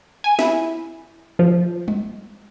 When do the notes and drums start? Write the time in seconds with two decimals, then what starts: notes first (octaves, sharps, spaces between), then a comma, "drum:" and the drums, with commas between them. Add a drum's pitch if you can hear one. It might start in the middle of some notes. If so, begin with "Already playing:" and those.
0.24 G#5
0.39 E4, drum: snare
1.39 F3
1.88 drum: tom G3